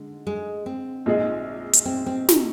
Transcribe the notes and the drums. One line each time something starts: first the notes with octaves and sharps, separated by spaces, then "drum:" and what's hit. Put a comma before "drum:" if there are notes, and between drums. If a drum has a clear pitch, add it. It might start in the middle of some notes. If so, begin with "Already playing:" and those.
Already playing: D3 G#3
G#3
C4
A#1 A#2 G#3 D#4 G#4
drum: hi-hat
C4
C4
drum: snare